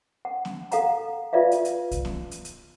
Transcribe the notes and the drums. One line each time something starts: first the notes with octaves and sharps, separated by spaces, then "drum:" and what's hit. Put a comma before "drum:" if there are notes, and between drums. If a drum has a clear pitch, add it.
F#5
drum: snare B3
A4 F5 F#5 A#5, drum: hi-hat
F4 B4 D5 E5 F5
drum: hi-hat
drum: hi-hat
drum: kick, hi-hat
drum: snare B3
drum: hi-hat
drum: hi-hat